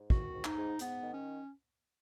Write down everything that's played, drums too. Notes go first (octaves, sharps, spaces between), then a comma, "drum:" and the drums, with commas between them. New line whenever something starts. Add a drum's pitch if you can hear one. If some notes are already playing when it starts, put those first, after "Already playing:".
Already playing: G#2
D#3 F#4, drum: kick
G#2
D#4, drum: clap
G#2
G#2 B3, drum: hi-hat
D#3
C#4